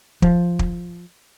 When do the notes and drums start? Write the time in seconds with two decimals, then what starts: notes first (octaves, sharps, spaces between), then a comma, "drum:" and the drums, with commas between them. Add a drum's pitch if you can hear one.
0.22 F3, drum: kick
0.59 drum: kick